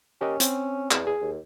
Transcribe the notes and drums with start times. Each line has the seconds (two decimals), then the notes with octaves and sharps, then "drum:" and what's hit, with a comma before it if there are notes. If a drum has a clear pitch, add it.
0.21 C#4 G4 A#4 D#5
0.40 C4, drum: hi-hat
0.91 E2, drum: clap
1.07 G#4
1.21 D#2